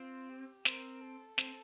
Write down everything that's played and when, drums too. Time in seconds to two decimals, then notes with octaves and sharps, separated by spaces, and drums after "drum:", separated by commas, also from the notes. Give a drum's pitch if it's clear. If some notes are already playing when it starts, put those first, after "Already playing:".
Already playing: C4 F4
0.29 G4
0.65 C4 A#4, drum: snare
1.01 A4
1.38 C4, drum: snare